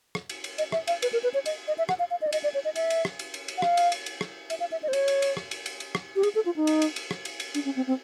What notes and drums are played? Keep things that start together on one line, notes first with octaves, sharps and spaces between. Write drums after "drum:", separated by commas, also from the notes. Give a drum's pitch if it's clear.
drum: rim click
drum: cymbal
drum: cymbal
D#5, drum: cymbal
E5, drum: rim click
F5, drum: cymbal
B4, drum: cymbal
A#4
B4
C#5
D#5, drum: cymbal
D#5
E5
F#5, drum: rim click
F5
F5
D#5
D5
D#5, drum: cymbal
D5
C#5
D#5
E5, drum: cymbal
drum: cymbal
drum: rim click
drum: cymbal
drum: cymbal
drum: cymbal
F#5
F5, drum: rim click
drum: cymbal
drum: cymbal
drum: cymbal
drum: rim click
E5, drum: cymbal
F5
E5
D#5
C5
C#5, drum: cymbal
drum: cymbal
drum: cymbal
drum: rim click
drum: cymbal
drum: cymbal
drum: cymbal
drum: rim click
G4
G#4, drum: cymbal
A4
F4
D#4
drum: cymbal
drum: cymbal
drum: cymbal
drum: rim click
drum: cymbal
drum: cymbal
D4, drum: cymbal
C#4
C4
C4